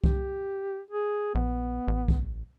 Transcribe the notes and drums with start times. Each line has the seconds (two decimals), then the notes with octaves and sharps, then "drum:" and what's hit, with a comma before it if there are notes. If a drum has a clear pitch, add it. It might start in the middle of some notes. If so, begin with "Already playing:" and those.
0.04 G4, drum: kick C2
0.91 G#4
1.35 A#1 B3
1.88 A1
2.08 drum: kick C2